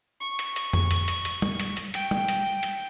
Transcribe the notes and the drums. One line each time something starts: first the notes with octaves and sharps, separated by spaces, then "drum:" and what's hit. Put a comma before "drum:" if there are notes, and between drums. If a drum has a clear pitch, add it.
C#6
drum: hi-hat
drum: hi-hat
drum: tom F2
drum: hi-hat
drum: hi-hat
drum: hi-hat
drum: tom
drum: hi-hat
drum: hi-hat
G5, drum: hi-hat
drum: tom
drum: hi-hat
drum: hi-hat